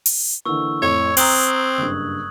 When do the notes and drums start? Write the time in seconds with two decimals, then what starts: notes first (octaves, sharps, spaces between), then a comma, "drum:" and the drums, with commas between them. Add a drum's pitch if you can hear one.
0.06 drum: open hi-hat
0.45 D3 E3 A#3 C#6 E6
0.82 F2 A2 C#5 G#6
1.17 C4 G5 A#5 D#6 F#6 F#7, drum: open hi-hat
1.78 F#1 G2